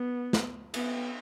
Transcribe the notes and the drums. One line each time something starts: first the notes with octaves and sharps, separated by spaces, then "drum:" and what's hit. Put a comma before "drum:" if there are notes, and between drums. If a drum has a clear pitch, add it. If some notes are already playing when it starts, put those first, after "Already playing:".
Already playing: B3
drum: snare
B3, drum: cymbal